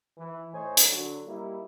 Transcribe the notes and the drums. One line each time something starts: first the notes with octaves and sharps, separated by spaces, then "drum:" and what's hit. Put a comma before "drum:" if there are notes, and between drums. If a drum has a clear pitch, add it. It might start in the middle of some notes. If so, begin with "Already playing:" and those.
E3
A2 C5 C#5 D#5 G#5
drum: hi-hat
D3 F#3
G3 A#3 D#4 E4